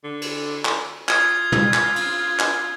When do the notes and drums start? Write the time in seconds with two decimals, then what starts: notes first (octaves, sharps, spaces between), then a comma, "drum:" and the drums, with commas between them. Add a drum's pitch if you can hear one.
0.04 D3
0.22 drum: cymbal
0.65 drum: clap
1.09 F4 D#6 G#6, drum: clap
1.52 drum: tom
1.74 drum: clap
1.96 drum: cymbal
2.39 drum: clap